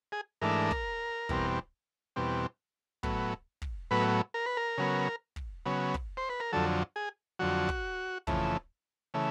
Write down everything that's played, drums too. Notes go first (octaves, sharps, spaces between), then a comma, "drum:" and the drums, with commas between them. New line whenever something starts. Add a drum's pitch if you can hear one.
G#4
G#2 E3 A3 D4 A#4
drum: kick
E2 B2 G3 C4, drum: kick
E2 B2 G3 C4
A2 F#3 B3, drum: kick
drum: kick
A2 F#3 B3 B4
A#4
B4
A#4
C#3 F#3 B3
drum: kick
C#3 F#3 B3
drum: kick
C5
B4
A#4
F2 D3 F#3 A4
G#4
F2 D3 F#3 F#4
drum: kick
F2 C#3 E3 A3, drum: kick
C#3 E3 A3